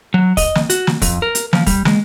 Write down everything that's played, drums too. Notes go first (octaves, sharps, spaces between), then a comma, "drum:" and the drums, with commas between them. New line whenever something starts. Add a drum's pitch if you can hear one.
F#3
D#5, drum: kick, open hi-hat
drum: snare
F#4, drum: hi-hat
drum: snare
F2, drum: kick, open hi-hat
A#4
drum: hi-hat
F3, drum: snare
G3, drum: kick, open hi-hat
G#3, drum: snare